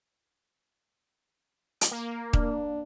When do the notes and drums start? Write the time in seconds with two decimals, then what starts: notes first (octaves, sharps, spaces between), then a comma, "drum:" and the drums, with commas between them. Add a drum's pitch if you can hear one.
1.81 drum: hi-hat
1.91 A#3
2.33 D4, drum: kick D#1